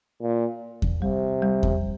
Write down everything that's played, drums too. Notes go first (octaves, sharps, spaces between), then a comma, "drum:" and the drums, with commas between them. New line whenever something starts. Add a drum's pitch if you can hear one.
A#2
drum: kick E2
C3 G3
G3
drum: kick E2